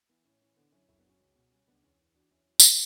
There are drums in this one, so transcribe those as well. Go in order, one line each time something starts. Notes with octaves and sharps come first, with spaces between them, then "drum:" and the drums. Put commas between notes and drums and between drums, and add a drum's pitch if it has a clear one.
E3 B3
A2 C#4
E3 C#4
D3 B3 D4
F#2 C#4 E4
F#1 C#4 E4
B3 D4
F#3 C#4
C#2
B2
G3 C#4
C#2 B3 D4
E2 C#4
E2
E2 D4 F#4
E2 C#4 E4
F#3
drum: tambourine